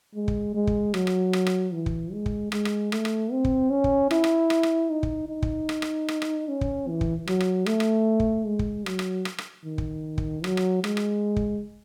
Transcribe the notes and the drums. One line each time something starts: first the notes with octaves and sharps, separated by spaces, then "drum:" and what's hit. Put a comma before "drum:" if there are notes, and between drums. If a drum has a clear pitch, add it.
G#3
drum: kick
G#3
drum: kick
F#3, drum: rim click
drum: rim click
drum: rim click
drum: rim click
E3
drum: kick
G#3
drum: kick
G#3, drum: rim click
drum: rim click
A3, drum: rim click
drum: rim click
C4
drum: kick
C#4
drum: kick
E4, drum: rim click
drum: rim click
drum: rim click
drum: rim click
D#4
drum: kick
D#4
drum: kick
drum: rim click
drum: rim click
drum: rim click
drum: rim click
C#4
drum: kick
E3
drum: kick
F#3, drum: rim click
drum: rim click
A3, drum: rim click
drum: rim click
drum: kick
G#3
drum: kick
F#3, drum: rim click
drum: rim click
drum: rim click
drum: rim click
D#3
drum: kick
drum: kick
F#3, drum: rim click
drum: rim click
G#3, drum: rim click
drum: rim click
drum: kick